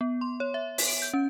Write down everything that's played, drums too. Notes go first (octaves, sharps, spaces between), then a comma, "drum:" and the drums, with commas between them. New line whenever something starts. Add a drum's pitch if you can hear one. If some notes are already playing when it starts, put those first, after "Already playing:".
B3
C6
C#5
E5
drum: open hi-hat
D7
G6
C#4